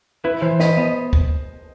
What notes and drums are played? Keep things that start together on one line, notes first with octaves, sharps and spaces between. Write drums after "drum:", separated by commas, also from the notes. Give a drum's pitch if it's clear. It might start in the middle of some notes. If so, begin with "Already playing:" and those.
E4 B4
E3 C5
B4 D#5, drum: snare
B3 D#5
drum: kick